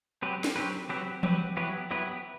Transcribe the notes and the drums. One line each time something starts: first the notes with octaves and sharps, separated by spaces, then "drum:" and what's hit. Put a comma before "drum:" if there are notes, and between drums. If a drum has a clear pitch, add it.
F#3 C4 G4 B4
drum: snare
F#3 C4 G4 B4
F#3 C4 G4 B4
F#3 C4 G4 B4, drum: tom E3
F#3 B3 E4 G4 B4
F#3 B3 E4 G4 B4